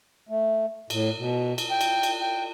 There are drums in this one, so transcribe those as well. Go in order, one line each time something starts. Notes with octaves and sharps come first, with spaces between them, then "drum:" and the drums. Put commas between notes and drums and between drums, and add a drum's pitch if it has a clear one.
A3
A2, drum: cymbal
B2
drum: cymbal
G5
drum: cymbal
drum: cymbal
G5